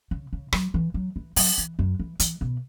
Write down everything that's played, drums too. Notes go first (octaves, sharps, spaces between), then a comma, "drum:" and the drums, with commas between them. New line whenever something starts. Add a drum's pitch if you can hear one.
C#3
C#3
F#3, drum: rim click
E3
F#3
E3
F#3, drum: open hi-hat
E3
F#2
E3
E3, drum: hi-hat
B2